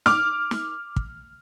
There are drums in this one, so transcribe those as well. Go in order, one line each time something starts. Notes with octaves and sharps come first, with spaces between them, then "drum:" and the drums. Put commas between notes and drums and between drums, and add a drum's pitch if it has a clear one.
D6 F6, drum: snare
drum: snare
drum: kick